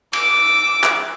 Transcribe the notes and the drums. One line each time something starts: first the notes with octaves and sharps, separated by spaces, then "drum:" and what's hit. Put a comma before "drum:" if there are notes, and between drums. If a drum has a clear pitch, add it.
D6 E6, drum: cymbal
drum: clap